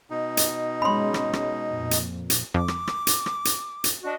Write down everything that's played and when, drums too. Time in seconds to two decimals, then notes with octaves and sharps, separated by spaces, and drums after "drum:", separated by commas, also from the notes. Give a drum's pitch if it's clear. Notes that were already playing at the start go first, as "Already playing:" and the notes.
0.10 B2 D#4
0.37 drum: hi-hat
0.82 G#3 C#4 B5 C6
1.14 drum: rim click
1.33 drum: rim click
1.68 F2 A#2
1.91 drum: hi-hat
2.30 drum: hi-hat
2.54 F2 D6
2.68 drum: rim click
2.87 drum: rim click
3.07 drum: hi-hat
3.26 drum: rim click
3.45 drum: hi-hat
3.84 drum: hi-hat
4.03 D4 F#4 D#5